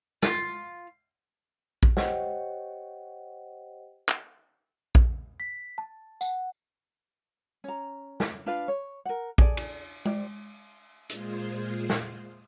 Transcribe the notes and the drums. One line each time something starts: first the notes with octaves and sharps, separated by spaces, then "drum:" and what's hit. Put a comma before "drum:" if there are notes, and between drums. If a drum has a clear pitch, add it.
F4, drum: snare
drum: kick A#1
G4 C5 C#5 D#5 F#5 G5, drum: snare
drum: clap
drum: kick A#1
B6
A5
F#5, drum: tambourine
C#4 A#5
drum: snare
D4 F4 B4 F5
C#5
A#4 F#5
G#4 A4 D5 G#5, drum: kick A#1
drum: cymbal
G4 C5 D5, drum: tom G#3
A#2 G#3 F4 G#4 C5, drum: hi-hat
drum: snare